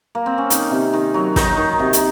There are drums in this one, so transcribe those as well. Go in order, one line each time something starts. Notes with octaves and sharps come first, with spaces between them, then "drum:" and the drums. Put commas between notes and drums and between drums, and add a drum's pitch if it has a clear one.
A#3
C4
C#4
D#3 D#4, drum: hi-hat
C3
D#3
F#3
D#3 D#4, drum: snare
D#3
C3
drum: hi-hat